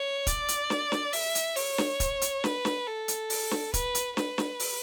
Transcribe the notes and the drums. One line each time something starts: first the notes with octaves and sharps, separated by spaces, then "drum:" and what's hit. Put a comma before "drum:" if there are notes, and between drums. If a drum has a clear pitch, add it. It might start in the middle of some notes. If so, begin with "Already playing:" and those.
Already playing: C#5
D5, drum: kick, hi-hat
drum: hi-hat
drum: snare
drum: snare
E5, drum: open hi-hat
drum: hi-hat
C#5, drum: open hi-hat
drum: snare
drum: kick, hi-hat
drum: hi-hat
B4, drum: snare
drum: snare
A4
drum: hi-hat
drum: open hi-hat
drum: snare
B4, drum: kick, hi-hat
drum: hi-hat
B4, drum: snare
drum: snare
drum: open hi-hat